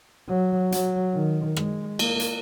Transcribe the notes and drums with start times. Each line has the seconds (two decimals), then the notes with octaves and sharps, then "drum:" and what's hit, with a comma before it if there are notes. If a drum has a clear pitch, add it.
0.29 F#3
0.72 F#3, drum: hi-hat
1.14 D#3
1.56 G#3, drum: rim click
1.99 A#3, drum: cymbal
2.20 drum: hi-hat